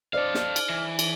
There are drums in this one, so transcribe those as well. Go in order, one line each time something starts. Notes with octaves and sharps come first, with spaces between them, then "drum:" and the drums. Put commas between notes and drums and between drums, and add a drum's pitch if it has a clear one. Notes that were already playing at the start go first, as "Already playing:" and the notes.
A4 C5 D5 D#5 F5 F6
drum: snare
drum: cymbal
E3
drum: cymbal